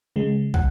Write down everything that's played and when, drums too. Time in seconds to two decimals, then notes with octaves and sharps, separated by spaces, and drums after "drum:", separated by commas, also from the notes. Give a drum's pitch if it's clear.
0.16 C#3 G#3
0.54 F#5, drum: kick